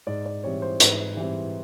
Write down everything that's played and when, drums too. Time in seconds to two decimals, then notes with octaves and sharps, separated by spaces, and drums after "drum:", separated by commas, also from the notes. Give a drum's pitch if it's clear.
0.07 G#2 D5
0.26 D5
0.43 E3 G3 C4 C#5
0.62 C5
0.80 G#2 B4, drum: hi-hat
1.17 E3 G3 C4